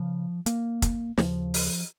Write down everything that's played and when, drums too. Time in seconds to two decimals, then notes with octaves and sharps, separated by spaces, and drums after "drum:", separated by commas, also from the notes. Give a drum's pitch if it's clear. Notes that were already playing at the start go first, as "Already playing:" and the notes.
Already playing: C#3 F3
0.46 A#3, drum: hi-hat
0.82 drum: kick, hi-hat
1.18 D#2 C#3 F3, drum: snare
1.54 drum: open hi-hat